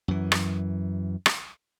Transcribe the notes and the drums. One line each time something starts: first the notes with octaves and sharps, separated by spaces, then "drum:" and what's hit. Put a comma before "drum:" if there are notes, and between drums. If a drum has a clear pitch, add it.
F#2 E3
drum: rim click
drum: rim click